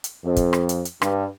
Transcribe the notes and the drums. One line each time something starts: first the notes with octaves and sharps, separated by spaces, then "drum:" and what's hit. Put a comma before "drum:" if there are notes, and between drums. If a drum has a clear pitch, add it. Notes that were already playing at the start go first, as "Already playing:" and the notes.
drum: hi-hat
F2
drum: kick, hi-hat
drum: rim click
drum: hi-hat
drum: hi-hat
G2, drum: rim click